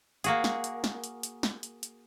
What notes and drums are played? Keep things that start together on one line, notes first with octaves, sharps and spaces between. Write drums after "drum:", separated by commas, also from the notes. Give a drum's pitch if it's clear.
A#3 F#4 G#4, drum: hi-hat
drum: snare
drum: hi-hat
drum: snare
drum: hi-hat
drum: hi-hat
drum: snare
drum: hi-hat
drum: hi-hat